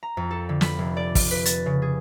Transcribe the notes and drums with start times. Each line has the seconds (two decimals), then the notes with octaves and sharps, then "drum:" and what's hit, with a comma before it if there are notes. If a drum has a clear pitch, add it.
0.03 A#5
0.17 F2
0.31 A4
0.49 D3
0.61 B5, drum: snare
0.79 F1
0.97 D5
1.15 drum: kick, open hi-hat
1.31 B4
1.45 A6, drum: hi-hat
1.66 C#3
1.82 G#4